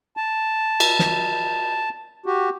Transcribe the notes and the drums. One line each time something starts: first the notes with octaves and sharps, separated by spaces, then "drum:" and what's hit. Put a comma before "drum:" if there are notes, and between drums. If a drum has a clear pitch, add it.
A5
drum: cymbal
drum: snare
F#4 G4